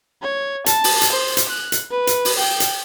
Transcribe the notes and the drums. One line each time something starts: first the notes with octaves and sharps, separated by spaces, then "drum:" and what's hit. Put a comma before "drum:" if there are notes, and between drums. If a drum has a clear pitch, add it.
C#5
A5, drum: hi-hat
drum: open hi-hat
drum: hi-hat
C5
drum: hi-hat
F#6
drum: hi-hat
B4
drum: hi-hat
drum: open hi-hat
G5
drum: hi-hat